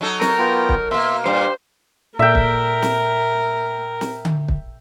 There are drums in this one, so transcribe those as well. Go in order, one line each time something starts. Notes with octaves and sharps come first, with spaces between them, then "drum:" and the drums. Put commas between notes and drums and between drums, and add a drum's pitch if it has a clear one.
F#3 D#4 A4
A#4, drum: snare
B3 F4 G5
drum: kick
B2 A#3 E5 C6 E6
G2 A#2 G4 C5
A#2 A4 A#4 D5 E5 G5
drum: kick
drum: snare
drum: snare
drum: tom D3
drum: kick